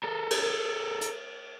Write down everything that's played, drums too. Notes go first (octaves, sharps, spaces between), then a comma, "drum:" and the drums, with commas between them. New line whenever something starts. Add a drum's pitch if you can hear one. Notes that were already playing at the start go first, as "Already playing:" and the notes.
A4 A#4
drum: cymbal
drum: hi-hat